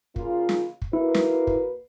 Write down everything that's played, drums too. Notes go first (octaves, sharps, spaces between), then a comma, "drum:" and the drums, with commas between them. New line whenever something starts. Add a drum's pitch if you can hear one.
C#3 A#3 F4, drum: kick
drum: snare
drum: kick
A#3 E4 F#4 B4
drum: snare
drum: kick